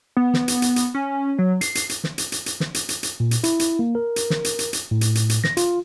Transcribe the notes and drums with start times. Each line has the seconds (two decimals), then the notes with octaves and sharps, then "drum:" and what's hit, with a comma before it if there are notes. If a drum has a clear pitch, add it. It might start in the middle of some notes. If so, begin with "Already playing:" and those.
0.17 B3
0.34 drum: snare
0.48 drum: hi-hat
0.62 drum: hi-hat
0.76 drum: hi-hat
0.94 C#4
1.39 F#3
1.61 C7, drum: hi-hat
1.75 drum: hi-hat
1.89 drum: hi-hat
2.04 drum: snare
2.18 drum: hi-hat
2.32 drum: hi-hat
2.46 drum: hi-hat
2.60 drum: snare
2.74 drum: hi-hat
2.89 drum: hi-hat
3.03 drum: hi-hat
3.20 A#2
3.31 drum: hi-hat
3.44 E4, drum: hi-hat
3.59 drum: hi-hat
3.79 A#3
3.95 A#4
4.16 drum: hi-hat
4.30 drum: snare
4.44 drum: hi-hat
4.59 drum: hi-hat
4.73 drum: hi-hat
4.91 A2
5.01 drum: hi-hat
5.15 drum: hi-hat
5.30 drum: hi-hat
5.44 A#6, drum: snare
5.57 F4, drum: hi-hat